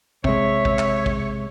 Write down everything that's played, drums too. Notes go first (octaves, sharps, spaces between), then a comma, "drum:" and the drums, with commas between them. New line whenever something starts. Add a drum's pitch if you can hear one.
C3 G#3 C#5 E5, drum: kick
drum: kick
drum: clap
drum: kick